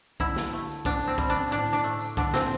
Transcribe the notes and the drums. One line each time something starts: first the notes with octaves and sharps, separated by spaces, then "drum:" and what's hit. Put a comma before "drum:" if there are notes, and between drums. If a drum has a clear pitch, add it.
D3 E4, drum: kick
drum: snare
A3
drum: tambourine
D3 D4, drum: kick
C4
G3, drum: kick
D4
A2 D4
D4
A3
drum: tambourine
D3 D4, drum: kick
C4, drum: snare